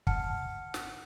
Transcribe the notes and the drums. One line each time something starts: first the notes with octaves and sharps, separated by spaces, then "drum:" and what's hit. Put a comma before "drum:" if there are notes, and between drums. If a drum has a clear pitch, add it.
F#5 A5 F6 C#7, drum: kick
drum: snare